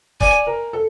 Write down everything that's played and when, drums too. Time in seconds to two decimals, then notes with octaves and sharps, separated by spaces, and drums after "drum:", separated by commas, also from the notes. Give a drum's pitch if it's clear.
0.21 D5 G#5, drum: kick C#1
0.47 A#4
0.73 A4